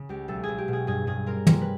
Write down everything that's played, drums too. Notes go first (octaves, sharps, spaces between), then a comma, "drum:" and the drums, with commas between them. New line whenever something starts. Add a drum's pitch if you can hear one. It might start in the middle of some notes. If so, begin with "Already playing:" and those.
Already playing: C#3
C#2 G4
B1 A4
B1 G#4
G4
B2
G#4
G2 G#4
G2 G#4
C4 A#4
C3 A#4, drum: tom
B4